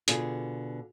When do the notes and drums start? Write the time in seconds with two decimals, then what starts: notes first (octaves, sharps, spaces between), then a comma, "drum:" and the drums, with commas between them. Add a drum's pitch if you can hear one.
0.08 B2 D3 F4 G#4, drum: hi-hat